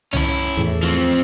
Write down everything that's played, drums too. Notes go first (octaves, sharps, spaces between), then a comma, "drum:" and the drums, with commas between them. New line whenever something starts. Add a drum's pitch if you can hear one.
C#4 E4, drum: tom C2
E2 A2
F3 C4